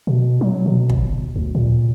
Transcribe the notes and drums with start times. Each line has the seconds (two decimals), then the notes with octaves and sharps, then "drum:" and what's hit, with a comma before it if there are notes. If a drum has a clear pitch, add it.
0.07 B2
0.41 F#3
0.66 B2
0.89 drum: kick
0.99 G1
1.36 D2
1.55 A#2